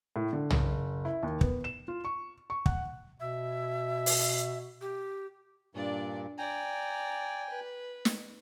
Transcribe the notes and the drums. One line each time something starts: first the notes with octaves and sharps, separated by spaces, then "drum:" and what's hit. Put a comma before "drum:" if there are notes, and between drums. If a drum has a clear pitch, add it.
A2
D3
F#1, drum: tom
E4
D#2
B3, drum: kick
E7
F4
C#6
C#6
F#5, drum: kick
B2 E5
drum: open hi-hat
G4
G2 A#2 D4 D5
D5 G5 G#5 A#5
B4
drum: snare